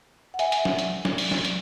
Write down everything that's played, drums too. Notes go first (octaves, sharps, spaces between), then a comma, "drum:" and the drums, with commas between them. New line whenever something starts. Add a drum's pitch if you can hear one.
F#5
E5 G#5, drum: hi-hat
drum: hi-hat
drum: snare
drum: hi-hat
drum: snare
drum: open hi-hat
drum: snare
drum: hi-hat